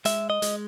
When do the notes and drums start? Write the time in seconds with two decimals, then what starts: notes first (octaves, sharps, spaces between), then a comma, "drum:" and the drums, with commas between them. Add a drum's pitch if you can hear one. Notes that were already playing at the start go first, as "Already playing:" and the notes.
0.05 G#3 E5, drum: hi-hat
0.30 D#5
0.42 G#3, drum: hi-hat